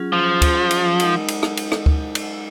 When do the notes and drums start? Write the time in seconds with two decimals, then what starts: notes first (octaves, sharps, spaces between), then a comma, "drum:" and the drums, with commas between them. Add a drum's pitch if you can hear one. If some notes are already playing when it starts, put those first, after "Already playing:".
Already playing: F#3 C#4 F4 G#4
0.13 F3
0.42 drum: kick, cymbal
0.71 drum: cymbal
1.00 G#3 D#4 A#4 D#5 F#5, drum: cymbal
1.28 drum: cymbal
1.43 drum: rim click
1.57 drum: cymbal
1.72 drum: rim click
1.86 drum: kick
2.15 drum: cymbal